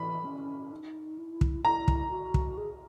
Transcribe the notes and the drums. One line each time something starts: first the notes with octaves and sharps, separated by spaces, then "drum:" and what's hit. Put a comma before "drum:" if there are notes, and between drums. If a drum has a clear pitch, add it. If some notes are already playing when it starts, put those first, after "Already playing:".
Already playing: E3 B5
C#4
D#4
E4
drum: kick
E4 A#5
drum: kick
F#4
drum: kick
G#4